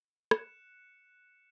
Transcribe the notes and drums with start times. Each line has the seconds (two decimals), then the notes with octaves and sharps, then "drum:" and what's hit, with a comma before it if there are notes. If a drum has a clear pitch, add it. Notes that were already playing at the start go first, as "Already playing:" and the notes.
0.31 F#6 C#7 E7, drum: rim click